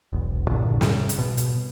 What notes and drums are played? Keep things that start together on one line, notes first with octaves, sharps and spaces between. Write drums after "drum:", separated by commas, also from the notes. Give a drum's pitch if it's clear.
E1 B1
E2 G2 A#2 D3
G#2 C3 G3, drum: snare
drum: hi-hat
B2
drum: hi-hat